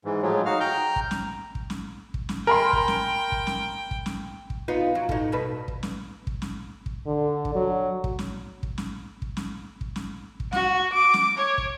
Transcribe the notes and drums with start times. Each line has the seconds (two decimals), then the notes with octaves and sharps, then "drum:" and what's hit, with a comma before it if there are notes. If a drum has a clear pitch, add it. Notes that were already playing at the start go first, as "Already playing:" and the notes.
0.05 G#2 E3
0.22 A2 F3 F#3 G#3
0.46 D#4 F#4 F5 F6
0.60 G5 A#5 F6 G6
0.96 drum: kick
1.11 drum: snare
1.55 drum: kick
1.70 drum: snare
2.14 drum: kick
2.29 drum: snare
2.47 A#4 G5 G#5 B5 C6
2.73 drum: kick
2.88 drum: snare
3.32 drum: kick
3.47 drum: snare
3.91 drum: kick
4.06 drum: snare
4.50 drum: kick
4.68 B3 D#4 F4
4.95 F#3
5.09 A2 D#4, drum: kick
5.32 G2 B2 B4
5.68 drum: kick
5.83 drum: snare
6.27 drum: kick
6.42 drum: snare
6.86 drum: kick
7.07 D3
7.45 drum: kick
7.55 F#3
8.04 drum: kick
8.19 drum: snare
8.63 drum: kick
8.78 drum: snare
9.22 drum: kick
9.37 drum: snare
9.81 drum: kick
9.96 drum: snare
10.40 drum: kick
10.52 F#4, drum: snare
10.93 D6
11.14 drum: snare
11.37 C#5
11.58 drum: kick